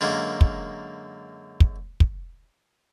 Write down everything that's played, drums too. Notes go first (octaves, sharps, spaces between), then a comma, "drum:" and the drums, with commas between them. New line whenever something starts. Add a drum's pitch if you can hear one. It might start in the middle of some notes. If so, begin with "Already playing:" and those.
F#2 D3 G#3 A#3
drum: kick
drum: kick
drum: kick